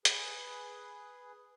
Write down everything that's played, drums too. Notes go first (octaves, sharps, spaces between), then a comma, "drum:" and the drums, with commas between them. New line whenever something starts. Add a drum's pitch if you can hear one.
G#4 B4, drum: hi-hat